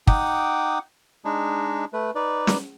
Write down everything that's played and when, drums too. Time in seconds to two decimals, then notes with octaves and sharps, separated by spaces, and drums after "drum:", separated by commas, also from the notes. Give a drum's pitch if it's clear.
0.07 D#4 F#5 G5 D6 D#6, drum: kick
1.25 G#3 D4 D#4
1.93 A3 B4
2.15 D#4 B4 D5
2.47 drum: snare